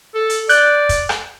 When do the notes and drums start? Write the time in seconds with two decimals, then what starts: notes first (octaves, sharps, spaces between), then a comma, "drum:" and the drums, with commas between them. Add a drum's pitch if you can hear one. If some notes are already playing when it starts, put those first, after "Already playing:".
0.15 A4
0.30 drum: hi-hat
0.49 D5 F#6 G6, drum: hi-hat
0.89 drum: kick, hi-hat
1.09 drum: rim click